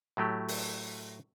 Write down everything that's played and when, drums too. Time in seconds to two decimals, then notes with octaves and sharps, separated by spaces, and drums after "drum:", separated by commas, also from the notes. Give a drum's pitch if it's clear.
0.17 A2 F#3 A3 G4
0.48 drum: open hi-hat